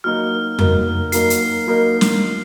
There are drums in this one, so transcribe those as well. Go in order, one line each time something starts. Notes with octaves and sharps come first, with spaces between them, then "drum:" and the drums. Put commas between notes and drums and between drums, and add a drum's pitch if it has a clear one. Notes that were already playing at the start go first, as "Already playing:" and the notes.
F#3 A#3 D#4 A#4 F6
F#3 A#3 D#4 A#4, drum: tom F2
F#3 A#3 D#4 A#4 C7, drum: hi-hat
drum: hi-hat
F#3 A#3 D#4 A#4
drum: snare